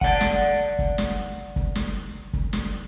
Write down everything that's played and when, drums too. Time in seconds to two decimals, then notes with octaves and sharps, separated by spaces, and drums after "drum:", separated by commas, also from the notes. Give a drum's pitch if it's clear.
0.01 D5 F#5, drum: kick
0.21 drum: snare
0.79 drum: kick
0.98 drum: snare
1.56 drum: kick
1.75 drum: snare
2.33 drum: kick
2.53 drum: snare